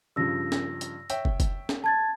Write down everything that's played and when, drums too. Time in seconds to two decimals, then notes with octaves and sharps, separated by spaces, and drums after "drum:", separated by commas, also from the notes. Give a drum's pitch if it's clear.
0.16 G2 C#3 F3 E6 A#6
0.52 drum: snare
0.81 drum: hi-hat
1.10 C#5 E5 G5, drum: hi-hat
1.25 drum: kick
1.40 drum: kick, hi-hat
1.69 drum: snare
1.84 A5 G#6 A6